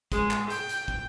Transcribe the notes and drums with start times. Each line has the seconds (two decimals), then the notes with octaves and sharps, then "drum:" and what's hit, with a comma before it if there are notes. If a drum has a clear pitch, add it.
0.12 G#3, drum: kick, hi-hat
0.31 drum: clap
0.50 G5, drum: hi-hat
0.69 drum: hi-hat
0.88 drum: kick